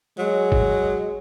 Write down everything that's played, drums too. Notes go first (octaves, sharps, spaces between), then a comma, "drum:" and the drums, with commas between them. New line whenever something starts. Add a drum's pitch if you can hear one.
F#3 G#3
drum: kick